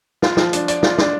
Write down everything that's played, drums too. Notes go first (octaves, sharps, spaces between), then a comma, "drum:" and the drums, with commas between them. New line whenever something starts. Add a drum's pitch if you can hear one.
F4, drum: snare
F3, drum: snare
D4, drum: hi-hat
D5, drum: hi-hat
F4, drum: snare
D4, drum: snare